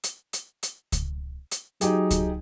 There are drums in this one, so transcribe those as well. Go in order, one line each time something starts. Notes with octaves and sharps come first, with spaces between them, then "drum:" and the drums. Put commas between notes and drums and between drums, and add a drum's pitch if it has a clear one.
drum: hi-hat
drum: hi-hat
drum: hi-hat
drum: kick C#2, hi-hat
drum: hi-hat
F#3 D#4 G4 G#4, drum: hi-hat
drum: kick C#2, hi-hat